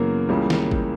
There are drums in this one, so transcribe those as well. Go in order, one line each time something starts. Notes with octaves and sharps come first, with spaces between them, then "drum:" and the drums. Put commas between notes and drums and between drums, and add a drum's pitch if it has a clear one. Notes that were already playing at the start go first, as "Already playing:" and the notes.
Already playing: F#2 C#3 E3 A#3 B3 A#4
C#2 C#3 E3 G3
drum: snare
drum: kick G#1